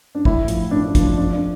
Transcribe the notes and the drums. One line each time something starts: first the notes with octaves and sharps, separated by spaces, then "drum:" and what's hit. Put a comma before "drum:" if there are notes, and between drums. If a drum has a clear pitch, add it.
D4
A2 E4, drum: kick
F3, drum: hi-hat
A2 D4
D4
F3 D4, drum: kick, hi-hat
F4
F2 D4
D4